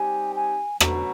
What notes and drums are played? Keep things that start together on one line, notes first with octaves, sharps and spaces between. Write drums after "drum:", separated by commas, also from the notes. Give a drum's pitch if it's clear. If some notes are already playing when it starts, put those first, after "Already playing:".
Already playing: G3 C4 D#4 G4 G#5
G#5
B2 F#3 A3 C#4 F#4 A#5, drum: rim click